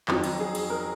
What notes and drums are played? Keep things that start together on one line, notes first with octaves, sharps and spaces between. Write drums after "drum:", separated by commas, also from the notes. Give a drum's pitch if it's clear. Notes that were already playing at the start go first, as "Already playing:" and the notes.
F2 D#3 F#3, drum: clap
drum: cymbal
G#4
drum: cymbal
A#4